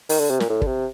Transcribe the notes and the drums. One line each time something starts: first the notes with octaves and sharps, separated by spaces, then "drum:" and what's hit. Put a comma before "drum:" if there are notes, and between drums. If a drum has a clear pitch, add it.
D#3, drum: open hi-hat
D3
C3
A#2, drum: snare
A2
D3, drum: kick
C3